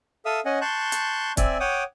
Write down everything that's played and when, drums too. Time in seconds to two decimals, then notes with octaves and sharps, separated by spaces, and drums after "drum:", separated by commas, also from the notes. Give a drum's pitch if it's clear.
0.25 A4 E5 F5 D#6 E6
0.45 C#4 D#5 F#5 G#5
0.61 A5 C6 C#6 F#6 G6
0.92 drum: hi-hat
1.37 C4 D5 E5 G#5, drum: kick, hi-hat
1.60 C#5 F#5 G5 D6 D#6